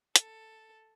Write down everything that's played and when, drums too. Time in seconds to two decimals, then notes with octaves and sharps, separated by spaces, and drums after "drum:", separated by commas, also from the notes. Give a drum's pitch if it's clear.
0.16 A4, drum: hi-hat